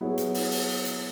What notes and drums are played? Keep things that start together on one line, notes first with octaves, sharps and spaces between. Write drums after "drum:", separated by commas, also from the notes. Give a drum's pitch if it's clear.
F#3 B3 E4 G#4 C#5
drum: hi-hat
drum: open hi-hat
drum: open hi-hat
drum: hi-hat